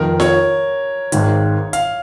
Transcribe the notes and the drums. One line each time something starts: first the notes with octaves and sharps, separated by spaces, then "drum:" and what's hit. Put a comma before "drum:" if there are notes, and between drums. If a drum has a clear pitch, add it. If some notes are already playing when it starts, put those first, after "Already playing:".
Already playing: F1 F2 D#3 A#4
C#5, drum: snare F4
G#1 G#2 D#3, drum: hi-hat
F5, drum: hi-hat